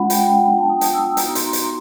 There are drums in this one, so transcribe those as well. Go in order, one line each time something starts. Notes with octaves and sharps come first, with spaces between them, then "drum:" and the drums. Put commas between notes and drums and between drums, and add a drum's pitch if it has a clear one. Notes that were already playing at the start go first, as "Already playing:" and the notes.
Already playing: G#3 C#4 F4 F#5 B5
G5, drum: hi-hat
G5
F#5
F#3 B3 D4 F4 G5
A5
D#6
D#6, drum: hi-hat
E6
D#6
B3 D#4 F#4 A#5, drum: hi-hat
C6, drum: hi-hat
drum: hi-hat